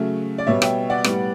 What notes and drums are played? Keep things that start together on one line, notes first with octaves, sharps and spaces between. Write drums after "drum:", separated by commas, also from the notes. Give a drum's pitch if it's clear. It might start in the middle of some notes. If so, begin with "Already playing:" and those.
Already playing: C#3 F#3 A3
D5
B2 G3 B3 C#5 E5
E5 G5, drum: rim click
D5 F#5
A2 G3 B3, drum: rim click